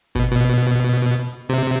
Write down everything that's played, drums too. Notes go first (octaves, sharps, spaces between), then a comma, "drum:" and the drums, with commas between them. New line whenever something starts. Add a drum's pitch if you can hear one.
B2, drum: kick G#1
B2
C3